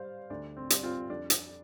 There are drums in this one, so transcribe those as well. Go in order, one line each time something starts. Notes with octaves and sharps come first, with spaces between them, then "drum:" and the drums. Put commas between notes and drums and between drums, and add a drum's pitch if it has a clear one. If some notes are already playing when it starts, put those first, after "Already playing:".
Already playing: G3 C5 D5 F5
D2 D4
C4
G3, drum: hi-hat
C4 F4
F2 D4
drum: hi-hat